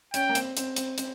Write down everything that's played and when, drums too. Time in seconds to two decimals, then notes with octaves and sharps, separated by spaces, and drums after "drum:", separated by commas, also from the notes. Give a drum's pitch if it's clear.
0.14 C#4 G5, drum: hi-hat
0.29 A#3
0.35 C4, drum: hi-hat
0.57 C4, drum: hi-hat
0.76 C4, drum: hi-hat
0.98 C4, drum: hi-hat